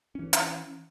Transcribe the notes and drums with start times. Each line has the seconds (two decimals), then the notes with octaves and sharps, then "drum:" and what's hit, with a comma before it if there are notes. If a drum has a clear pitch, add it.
0.15 E3 C#4
0.33 drum: hi-hat